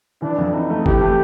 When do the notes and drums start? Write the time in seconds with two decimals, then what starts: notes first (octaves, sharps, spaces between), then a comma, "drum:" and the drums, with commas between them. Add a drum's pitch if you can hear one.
0.22 E3 D4
0.38 F2
0.53 E3 D#4
0.70 A3
0.86 E3 G4, drum: kick
1.01 A3